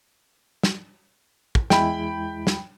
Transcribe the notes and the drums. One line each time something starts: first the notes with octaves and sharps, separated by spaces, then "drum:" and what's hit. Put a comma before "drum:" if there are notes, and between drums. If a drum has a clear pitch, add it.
drum: snare
drum: kick
E2 G#3 E4 G5 B5, drum: snare
drum: snare